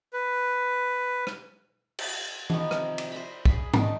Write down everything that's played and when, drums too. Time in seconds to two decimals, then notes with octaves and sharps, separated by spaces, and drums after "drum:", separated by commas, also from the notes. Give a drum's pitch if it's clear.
0.13 B4
1.27 drum: rim click
1.99 drum: cymbal
2.50 D#3 F3 B3, drum: tom E3
2.71 C3, drum: rim click
2.98 D5, drum: cymbal
3.12 C5 E5 A#5 B5
3.46 G#4 B5, drum: kick
3.74 D#3 D4 D#4 G4, drum: tom G#2